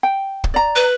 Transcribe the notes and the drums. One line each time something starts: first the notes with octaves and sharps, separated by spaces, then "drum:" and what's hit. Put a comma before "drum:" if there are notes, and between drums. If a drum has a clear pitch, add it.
G5
drum: kick
D5 A#5
B4